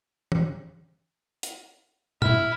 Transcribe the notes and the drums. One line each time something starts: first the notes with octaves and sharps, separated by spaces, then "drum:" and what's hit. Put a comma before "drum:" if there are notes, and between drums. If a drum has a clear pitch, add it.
drum: tom
drum: hi-hat
E4 F6, drum: tom